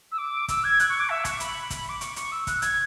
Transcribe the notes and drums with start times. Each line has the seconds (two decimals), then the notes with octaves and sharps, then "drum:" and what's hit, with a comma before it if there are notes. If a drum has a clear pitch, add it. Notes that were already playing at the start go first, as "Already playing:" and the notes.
0.12 E6
0.18 D6
0.48 E6, drum: kick, hi-hat
0.64 G#6
0.80 F#6, drum: hi-hat
0.89 C#6
0.99 D6
1.10 E5
1.25 C#6, drum: kick, hi-hat
1.40 B5, drum: hi-hat
1.70 drum: kick, hi-hat
1.89 D6
2.01 C#6, drum: hi-hat
2.16 C#6, drum: hi-hat
2.32 E6
2.47 F#6, drum: kick, hi-hat
2.62 G#6, drum: hi-hat